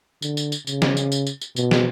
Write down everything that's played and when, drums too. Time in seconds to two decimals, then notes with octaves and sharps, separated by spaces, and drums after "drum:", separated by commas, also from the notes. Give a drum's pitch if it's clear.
0.22 D3, drum: tambourine
0.37 drum: tambourine
0.52 drum: tambourine
0.67 C#3, drum: tambourine
0.82 drum: snare
0.97 drum: tambourine
1.12 drum: tambourine
1.27 drum: tambourine
1.42 drum: tambourine
1.56 B2, drum: tambourine
1.71 drum: snare